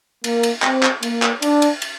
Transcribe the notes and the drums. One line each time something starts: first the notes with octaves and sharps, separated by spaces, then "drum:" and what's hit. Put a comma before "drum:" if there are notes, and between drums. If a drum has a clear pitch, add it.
A#3, drum: cymbal
drum: cymbal
C4, drum: clap
drum: clap
A#3, drum: cymbal
drum: clap
D4, drum: cymbal
drum: cymbal
drum: cymbal